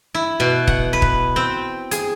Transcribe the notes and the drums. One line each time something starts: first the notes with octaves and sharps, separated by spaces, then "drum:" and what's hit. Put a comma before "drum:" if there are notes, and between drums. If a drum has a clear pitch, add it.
E4
B2
F#5, drum: kick
B4
drum: kick
C4
G#4, drum: hi-hat